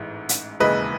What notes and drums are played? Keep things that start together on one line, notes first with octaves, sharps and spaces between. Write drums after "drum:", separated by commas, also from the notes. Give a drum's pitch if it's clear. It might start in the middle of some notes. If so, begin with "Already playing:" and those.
Already playing: A1 G#2 E3
drum: hi-hat
E1 D#2 C#3 E3 G#3 B4 D#5